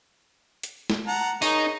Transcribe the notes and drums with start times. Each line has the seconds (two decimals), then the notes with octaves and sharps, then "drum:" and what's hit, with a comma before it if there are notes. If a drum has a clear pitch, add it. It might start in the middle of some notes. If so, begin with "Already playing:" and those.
0.63 drum: hi-hat
0.90 drum: snare
1.07 F#5 A5 A#5
1.42 D#4 G#4 A#4 C#5, drum: open hi-hat